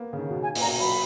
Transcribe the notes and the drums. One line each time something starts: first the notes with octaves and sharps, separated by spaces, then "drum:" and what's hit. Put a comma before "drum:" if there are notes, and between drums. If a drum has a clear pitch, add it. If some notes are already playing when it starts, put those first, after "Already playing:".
Already playing: A#3 B3
C#3
D#3
B2
G#5
A#2, drum: open hi-hat
A#5
B2
F#3 B5